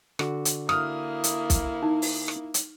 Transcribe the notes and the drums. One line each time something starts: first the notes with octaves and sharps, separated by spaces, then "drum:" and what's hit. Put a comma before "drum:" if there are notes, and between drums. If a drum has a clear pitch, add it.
D3 F#4, drum: rim click
drum: hi-hat
A#3 E4 D#6 F6, drum: rim click
drum: hi-hat
drum: kick, hi-hat
D#4
drum: open hi-hat
drum: rim click
drum: hi-hat